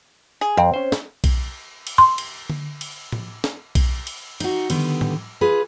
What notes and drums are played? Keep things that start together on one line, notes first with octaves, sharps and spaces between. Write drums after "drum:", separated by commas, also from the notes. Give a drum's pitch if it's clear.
G#4
F2 C4
C#4 C5
drum: snare
drum: kick B1, cymbal
drum: cymbal
C6
drum: cymbal
drum: tom D3
drum: cymbal
drum: tom
drum: snare
drum: kick B1, cymbal
drum: cymbal
D#4 F#4, drum: cymbal
D3 D#3 G3 B3, drum: cymbal
drum: tom A2
F4 G#4 B4